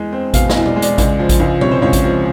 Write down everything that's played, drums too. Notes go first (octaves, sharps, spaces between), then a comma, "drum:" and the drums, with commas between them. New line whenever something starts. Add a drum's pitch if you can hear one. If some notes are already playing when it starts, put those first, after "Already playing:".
Already playing: E2 G#3
C4
B2 F5, drum: kick A1, hi-hat
D#5, drum: snare
E2
D5, drum: tom B2
G#3
D5, drum: hi-hat
C#2, drum: kick A1, hi-hat
F3
drum: kick A1, hi-hat
C#2
C3 C#5, drum: tom B2
C5
C#2 C#5
drum: kick A1, hi-hat
F3